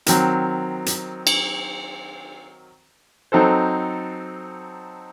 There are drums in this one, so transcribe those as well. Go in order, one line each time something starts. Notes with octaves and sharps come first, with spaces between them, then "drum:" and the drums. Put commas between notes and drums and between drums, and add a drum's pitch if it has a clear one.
D#3 F#3 C4, drum: hi-hat
drum: hi-hat
drum: cymbal
F#3 C4 D#4 A4 C5